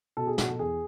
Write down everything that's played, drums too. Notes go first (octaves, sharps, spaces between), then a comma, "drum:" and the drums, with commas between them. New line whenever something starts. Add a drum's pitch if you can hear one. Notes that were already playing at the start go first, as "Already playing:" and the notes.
B2 A4
G#4
B2 F#4, drum: snare
A4
E2 G#4